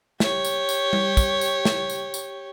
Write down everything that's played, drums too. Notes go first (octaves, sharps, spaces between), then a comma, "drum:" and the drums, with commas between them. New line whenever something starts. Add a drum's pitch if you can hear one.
G4 C#5, drum: snare
drum: tambourine
drum: tambourine
drum: tom G3
drum: kick, tambourine
drum: tambourine
drum: snare
drum: tambourine
drum: tambourine